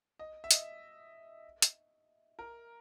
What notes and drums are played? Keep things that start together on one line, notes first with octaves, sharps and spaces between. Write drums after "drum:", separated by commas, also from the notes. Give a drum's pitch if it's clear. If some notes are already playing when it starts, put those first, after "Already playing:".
D#5
E5
D#5, drum: hi-hat
drum: hi-hat
A#4